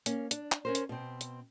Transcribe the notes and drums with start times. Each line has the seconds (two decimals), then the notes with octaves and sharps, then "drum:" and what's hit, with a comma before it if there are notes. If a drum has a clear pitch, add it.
0.06 A#3 C#4, drum: hi-hat
0.31 D4, drum: hi-hat
0.52 drum: clap
0.65 C#4 A#4 C5
0.75 drum: hi-hat
0.89 B2 C4
1.21 drum: hi-hat